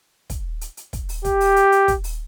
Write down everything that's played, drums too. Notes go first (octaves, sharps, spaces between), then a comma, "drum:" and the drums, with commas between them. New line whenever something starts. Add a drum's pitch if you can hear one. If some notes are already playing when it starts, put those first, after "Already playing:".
drum: kick, hi-hat
drum: hi-hat
drum: hi-hat
drum: kick, hi-hat
drum: open hi-hat
G4, drum: kick, hi-hat
drum: open hi-hat
drum: hi-hat
drum: hi-hat
drum: kick, hi-hat
drum: open hi-hat